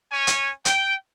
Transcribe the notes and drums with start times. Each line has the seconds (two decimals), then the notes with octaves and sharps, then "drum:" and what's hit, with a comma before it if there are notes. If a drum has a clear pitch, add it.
0.12 C#4 C#5 G#5
0.27 drum: hi-hat
0.65 G5, drum: hi-hat